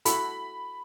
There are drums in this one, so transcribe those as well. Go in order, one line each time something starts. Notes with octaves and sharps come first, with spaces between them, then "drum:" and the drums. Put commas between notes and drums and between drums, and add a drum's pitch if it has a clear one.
E4 F#4 A4 B5, drum: hi-hat